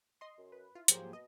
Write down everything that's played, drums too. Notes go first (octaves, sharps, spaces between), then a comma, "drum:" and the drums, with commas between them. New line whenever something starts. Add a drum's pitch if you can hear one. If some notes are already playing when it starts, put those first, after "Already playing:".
D#5 C6
F#2
B4
E4 F4
G#2 F3 F#3 A#3 G4 G#4 C5, drum: hi-hat
B2 D#5